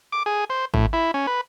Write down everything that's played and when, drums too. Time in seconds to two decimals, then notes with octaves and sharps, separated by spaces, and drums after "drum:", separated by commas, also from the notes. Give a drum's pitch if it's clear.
0.12 D6
0.26 G#4
0.50 C5
0.74 A2, drum: kick G#1
0.93 E4
1.14 C#4
1.27 B4